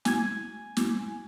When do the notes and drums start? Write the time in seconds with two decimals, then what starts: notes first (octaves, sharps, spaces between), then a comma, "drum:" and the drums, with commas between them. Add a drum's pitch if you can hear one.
0.05 G#5 G#6, drum: snare
0.77 drum: snare